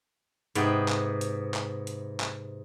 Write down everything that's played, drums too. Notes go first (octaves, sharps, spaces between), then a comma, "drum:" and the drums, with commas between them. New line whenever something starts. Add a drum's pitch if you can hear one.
G#2 C3 B3 F#5 G5, drum: hi-hat
drum: clap
drum: hi-hat
drum: clap
drum: hi-hat
drum: clap